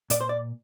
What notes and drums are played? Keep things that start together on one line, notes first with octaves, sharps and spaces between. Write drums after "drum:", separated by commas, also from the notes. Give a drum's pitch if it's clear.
A#2 D5, drum: hi-hat
C5
D5